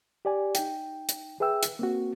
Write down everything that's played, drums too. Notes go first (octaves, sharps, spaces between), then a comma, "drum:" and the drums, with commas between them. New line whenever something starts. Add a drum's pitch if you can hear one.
G4 D5 G#5
D#4 G5, drum: hi-hat
drum: hi-hat
G#4 B4 E5 G5 E6
drum: hi-hat
A#3 C4 F#4